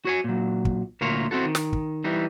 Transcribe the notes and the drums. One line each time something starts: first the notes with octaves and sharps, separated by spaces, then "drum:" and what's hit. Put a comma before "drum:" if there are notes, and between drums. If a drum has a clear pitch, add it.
F#4 C#5 G#5
A#2 F#3
drum: kick
D2 A#2 A#3 F4 C#5
C4 E4 F#4 A4
D#3
drum: snare
drum: kick
E3 G3 D#4